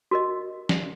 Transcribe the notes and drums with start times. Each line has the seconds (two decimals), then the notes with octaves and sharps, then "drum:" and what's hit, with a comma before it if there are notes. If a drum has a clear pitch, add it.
0.11 F#4 A#4 D#5
0.69 drum: snare